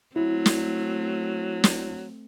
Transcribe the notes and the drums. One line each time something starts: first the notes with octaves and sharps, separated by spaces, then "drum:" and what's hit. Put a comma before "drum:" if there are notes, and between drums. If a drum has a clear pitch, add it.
F#3 A3 C4 E4
drum: snare
drum: snare